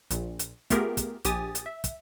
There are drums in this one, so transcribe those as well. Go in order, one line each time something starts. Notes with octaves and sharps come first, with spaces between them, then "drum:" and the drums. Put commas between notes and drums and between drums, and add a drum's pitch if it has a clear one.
A#1 A#2, drum: hi-hat
drum: hi-hat
A3 B3 F4 G4 G#4 A#4, drum: kick, hi-hat
drum: kick, hi-hat
A#1 G4 G#5 D#6 A6, drum: hi-hat
drum: hi-hat
E5
drum: kick, hi-hat